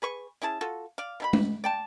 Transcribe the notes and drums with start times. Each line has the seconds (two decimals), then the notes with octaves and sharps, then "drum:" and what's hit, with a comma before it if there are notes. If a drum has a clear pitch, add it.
0.02 G#4 B4 C#6
0.42 C#4 E4 G#4 A5
0.61 F4 F#4 A4
0.98 D5 F5
1.20 B2 E4 B5
1.33 drum: tom G#3
1.64 D5 G5 A5